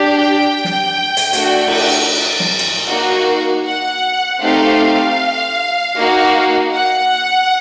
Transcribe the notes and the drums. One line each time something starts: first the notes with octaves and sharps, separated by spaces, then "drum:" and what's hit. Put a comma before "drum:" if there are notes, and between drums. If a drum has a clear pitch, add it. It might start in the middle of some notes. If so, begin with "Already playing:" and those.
Already playing: D4 G4
G5
drum: snare
drum: hi-hat
A3 D4 F#4, drum: hi-hat
drum: cymbal
drum: snare
drum: cymbal
A#3 D#4 F#4
F#5
A3 C4 D#4 G4 F5
A#3 D#4 F#4
F#5